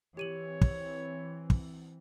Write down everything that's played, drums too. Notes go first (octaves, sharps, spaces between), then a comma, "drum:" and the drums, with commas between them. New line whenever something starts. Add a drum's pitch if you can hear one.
E3 C4 G4 C#5 D#7 F#7
drum: kick
drum: kick